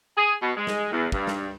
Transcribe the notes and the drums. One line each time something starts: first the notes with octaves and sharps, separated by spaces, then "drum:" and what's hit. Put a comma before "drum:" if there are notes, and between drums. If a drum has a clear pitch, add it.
G#4
B2
G#3
drum: snare
E2
G2, drum: kick
drum: snare